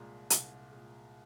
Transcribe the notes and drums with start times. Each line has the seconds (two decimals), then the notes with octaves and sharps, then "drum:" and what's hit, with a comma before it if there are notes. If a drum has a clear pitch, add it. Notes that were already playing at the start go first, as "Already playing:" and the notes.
Already playing: C2 A#2 G#3
0.30 C2, drum: hi-hat
0.71 A#2 G#3